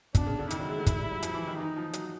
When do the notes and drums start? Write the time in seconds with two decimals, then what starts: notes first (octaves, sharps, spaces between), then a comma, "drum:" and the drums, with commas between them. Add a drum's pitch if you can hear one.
0.15 B2 D4, drum: kick, hi-hat
0.26 C#3
0.39 D3
0.50 D#3 E4, drum: hi-hat
0.60 F#3
0.69 G#3
0.78 A3
0.87 G#3, drum: kick, hi-hat
0.98 G3
1.11 F#3
1.23 F3, drum: hi-hat
1.34 E3
1.47 D#3
1.58 E3 D#4
1.76 F3
1.93 F#3, drum: hi-hat